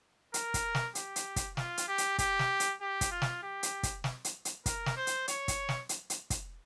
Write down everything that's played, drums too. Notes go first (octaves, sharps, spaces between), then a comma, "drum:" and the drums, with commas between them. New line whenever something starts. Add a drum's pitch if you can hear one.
A#4, drum: hi-hat
drum: kick, hi-hat
drum: snare
G4, drum: hi-hat
drum: hi-hat
drum: kick, hi-hat
F4, drum: snare
drum: hi-hat
G4
drum: hi-hat
G4, drum: kick, hi-hat
drum: snare
drum: hi-hat
G4
drum: kick, hi-hat
F4
drum: snare
G4
drum: hi-hat
drum: kick, hi-hat
drum: snare
drum: hi-hat
drum: hi-hat
A#4, drum: kick, hi-hat
drum: snare
C5
drum: hi-hat
C#5, drum: hi-hat
drum: kick, hi-hat
drum: snare
drum: hi-hat
drum: hi-hat
drum: kick, hi-hat